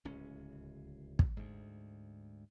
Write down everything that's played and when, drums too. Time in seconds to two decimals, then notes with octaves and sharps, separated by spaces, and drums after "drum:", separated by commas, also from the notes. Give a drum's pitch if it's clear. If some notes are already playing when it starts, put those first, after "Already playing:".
0.05 D1 C#2 C#4
1.19 drum: kick
1.37 D2 G#2